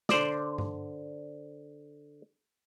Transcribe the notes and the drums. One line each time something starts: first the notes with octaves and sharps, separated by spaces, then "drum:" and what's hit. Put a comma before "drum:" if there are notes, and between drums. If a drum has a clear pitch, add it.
D3 C5 D5, drum: snare
drum: tom G2